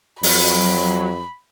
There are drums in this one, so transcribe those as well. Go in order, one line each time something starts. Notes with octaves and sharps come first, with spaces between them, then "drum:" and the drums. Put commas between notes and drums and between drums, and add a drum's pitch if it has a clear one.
F2 F#3 B5, drum: open hi-hat